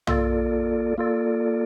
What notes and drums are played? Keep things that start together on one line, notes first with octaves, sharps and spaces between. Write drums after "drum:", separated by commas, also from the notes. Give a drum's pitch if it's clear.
A#3 F4 A4 D5, drum: tom
A#3 F4 A4 D5